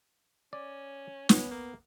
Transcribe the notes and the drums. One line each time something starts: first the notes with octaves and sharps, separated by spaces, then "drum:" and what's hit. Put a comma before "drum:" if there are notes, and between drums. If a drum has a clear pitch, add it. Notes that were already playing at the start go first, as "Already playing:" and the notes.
C#4 D5
B3 C#4, drum: snare
A#3